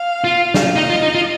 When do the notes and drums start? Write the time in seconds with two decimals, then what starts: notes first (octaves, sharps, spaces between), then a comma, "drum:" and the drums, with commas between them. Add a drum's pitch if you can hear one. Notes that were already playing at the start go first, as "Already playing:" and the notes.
Already playing: F5
0.24 F4
0.54 drum: snare
0.75 D#4 D#5
0.90 F4
1.02 D#4
1.15 F4